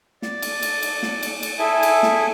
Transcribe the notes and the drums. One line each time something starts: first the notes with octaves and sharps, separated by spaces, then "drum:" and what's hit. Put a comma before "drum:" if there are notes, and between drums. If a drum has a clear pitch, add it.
D5, drum: snare
drum: cymbal
drum: cymbal
drum: cymbal
drum: snare
drum: cymbal
drum: cymbal
E4 G#4 A4 E5 G#5
drum: cymbal
drum: snare